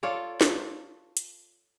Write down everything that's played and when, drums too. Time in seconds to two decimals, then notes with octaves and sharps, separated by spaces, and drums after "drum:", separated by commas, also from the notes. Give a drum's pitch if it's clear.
0.03 F4 A4 C#5 D5
0.41 drum: snare
1.17 drum: hi-hat